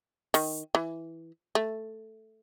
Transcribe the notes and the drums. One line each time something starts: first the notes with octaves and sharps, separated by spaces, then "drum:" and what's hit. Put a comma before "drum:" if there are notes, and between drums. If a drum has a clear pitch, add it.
D#3, drum: open hi-hat
E3
A3